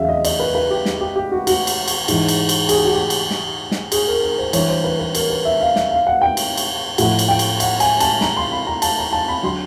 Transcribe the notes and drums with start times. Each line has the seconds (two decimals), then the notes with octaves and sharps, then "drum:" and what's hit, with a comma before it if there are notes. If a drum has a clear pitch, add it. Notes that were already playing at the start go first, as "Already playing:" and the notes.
Already playing: E2 C#3 F#3 E5 F5
0.09 D#5
0.25 D5, drum: cymbal
0.40 B4
0.55 B4
0.70 G4
0.85 drum: snare
1.01 G4
1.16 G4
1.31 F#4
1.47 F#4, drum: cymbal
1.67 drum: cymbal
1.88 drum: cymbal
2.08 G#2 E3, drum: cymbal
2.28 drum: cymbal
2.49 drum: cymbal
2.69 G#4, drum: cymbal
2.77 G4
2.85 F#4
2.93 G4
3.10 drum: cymbal
3.31 drum: snare
3.71 drum: snare
3.92 G#4, drum: cymbal
4.07 A#4
4.23 A#4
4.38 C5
4.53 G2 E3 C#5, drum: cymbal
4.68 C5
4.84 B4
4.99 B4
5.15 A#4, drum: cymbal
5.30 B4
5.45 E5
5.60 F5
5.76 E5, drum: snare
5.91 F5
6.07 F#5
6.21 G5
6.37 drum: cymbal
6.57 drum: cymbal
6.98 A2 F3 F#5, drum: cymbal
7.19 drum: cymbal
7.28 G5
7.39 drum: cymbal
7.60 F#5, drum: cymbal
7.80 G#5, drum: cymbal
8.00 A5, drum: cymbal
8.21 A#5, drum: snare
8.37 C6
8.52 B5
8.67 A#5
8.82 A5, drum: cymbal
8.98 A#5
9.13 A5
9.28 B5
9.43 D3 F#3 C6